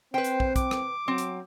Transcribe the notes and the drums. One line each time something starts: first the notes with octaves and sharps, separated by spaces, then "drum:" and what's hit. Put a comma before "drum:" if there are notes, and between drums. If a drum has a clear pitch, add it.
C4 B4 C5 G5
drum: hi-hat
drum: kick
D6, drum: kick, hi-hat
drum: rim click
F#3 C4
drum: hi-hat